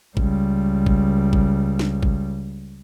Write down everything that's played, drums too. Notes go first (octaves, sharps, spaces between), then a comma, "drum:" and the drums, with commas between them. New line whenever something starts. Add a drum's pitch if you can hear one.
C#2 G3, drum: kick G#1
drum: kick G#1
drum: kick G#1
drum: snare
drum: kick G#1